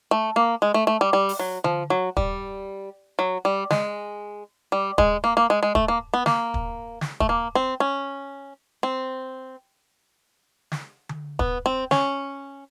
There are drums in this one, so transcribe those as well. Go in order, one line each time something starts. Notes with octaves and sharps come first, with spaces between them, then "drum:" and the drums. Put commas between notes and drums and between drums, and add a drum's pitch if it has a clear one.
A3
A#3
G#3
A3
A3
G3
G3
drum: open hi-hat
F#3
F3, drum: tom D3
F#3
G3, drum: kick
F#3
G3
G#3, drum: snare
G3
G#3, drum: kick
A#3
A#3
G#3
G#3
A3, drum: kick
A#3
B3
A#3, drum: snare
drum: kick
drum: snare
A3, drum: kick
A#3
C4
C#4
C4
drum: snare
drum: tom D3
B3, drum: kick
C4
C#4, drum: snare